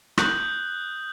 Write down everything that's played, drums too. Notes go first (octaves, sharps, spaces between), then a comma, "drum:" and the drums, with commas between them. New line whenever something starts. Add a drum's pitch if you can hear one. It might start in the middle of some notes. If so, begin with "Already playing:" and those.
D#6 F#6 G6 F#7, drum: rim click